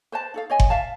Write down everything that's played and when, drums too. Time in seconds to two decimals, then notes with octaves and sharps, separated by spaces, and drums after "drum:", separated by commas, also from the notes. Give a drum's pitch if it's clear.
0.12 B4 C5 D#5 A5
0.34 D#4 A4 F5
0.50 C#5 D#5 G#5
0.60 drum: kick F#1
0.70 E5 F5 A5